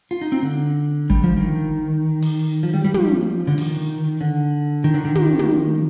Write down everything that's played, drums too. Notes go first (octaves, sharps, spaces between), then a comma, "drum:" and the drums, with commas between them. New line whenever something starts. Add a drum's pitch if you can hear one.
F4
D#4
C4
D3
G3, drum: kick G1
F3
D#3
drum: open hi-hat
F3
G3
G3
F3, drum: tom
D3
D#3, drum: open hi-hat
D3
D#3
D3
D#3
D#3, drum: tom
drum: tom